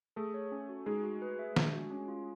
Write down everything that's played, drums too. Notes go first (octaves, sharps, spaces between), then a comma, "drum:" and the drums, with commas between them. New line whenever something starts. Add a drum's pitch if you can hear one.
A3 G#4 A4
C#5
C#4
F#4
G#3 D#4 G#4
F#4
B4
E5
D4, drum: snare
F#4
C#4
F4